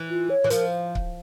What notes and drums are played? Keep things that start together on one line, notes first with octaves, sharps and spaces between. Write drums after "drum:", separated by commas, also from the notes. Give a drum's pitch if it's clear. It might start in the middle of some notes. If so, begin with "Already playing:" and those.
Already playing: E3
F4
C#5
E3
F3 A#4, drum: hi-hat
drum: kick C#1